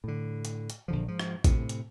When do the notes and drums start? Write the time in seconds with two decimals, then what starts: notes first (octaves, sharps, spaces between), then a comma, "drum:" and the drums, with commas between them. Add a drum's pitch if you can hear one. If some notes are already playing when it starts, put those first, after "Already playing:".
0.04 A2 D3
0.45 drum: hi-hat
0.70 drum: hi-hat
0.88 A#1 D3 F3
1.08 G#2 F3
1.19 drum: rim click
1.44 A2 C3, drum: kick A1, hi-hat
1.69 drum: hi-hat